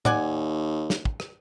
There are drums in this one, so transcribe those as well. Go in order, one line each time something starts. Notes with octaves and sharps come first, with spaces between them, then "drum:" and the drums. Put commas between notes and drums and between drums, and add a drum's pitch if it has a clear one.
D#2 D5 F#5 G#5, drum: tom A2
drum: snare
drum: kick
drum: rim click